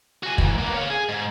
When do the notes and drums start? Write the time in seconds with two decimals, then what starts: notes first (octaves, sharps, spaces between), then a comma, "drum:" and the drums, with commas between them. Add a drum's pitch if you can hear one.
0.23 F#4 G#4
0.38 G#2 E3, drum: kick
0.59 A#3 B3
0.74 C#5 F5
0.90 G#4
1.09 G#2